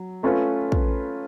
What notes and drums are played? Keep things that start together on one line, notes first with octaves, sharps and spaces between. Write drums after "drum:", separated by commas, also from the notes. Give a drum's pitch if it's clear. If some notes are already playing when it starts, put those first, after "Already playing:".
Already playing: F#3
A3 C#4 F4 B4
drum: kick